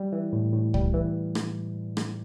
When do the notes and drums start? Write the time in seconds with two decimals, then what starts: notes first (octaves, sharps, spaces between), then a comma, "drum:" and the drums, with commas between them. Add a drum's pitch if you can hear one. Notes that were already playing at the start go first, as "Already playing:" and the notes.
Already playing: G3
0.12 E3
0.33 A2
0.53 A2
0.74 G3, drum: kick
0.94 E3
1.35 drum: rim click
1.97 drum: rim click